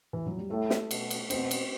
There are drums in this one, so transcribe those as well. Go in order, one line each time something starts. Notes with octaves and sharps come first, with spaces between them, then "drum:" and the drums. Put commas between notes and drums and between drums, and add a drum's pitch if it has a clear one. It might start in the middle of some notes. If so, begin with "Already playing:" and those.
E3
F#3
G3
A2 A3
drum: snare
B2, drum: cymbal
drum: cymbal
B2 C4, drum: cymbal
drum: cymbal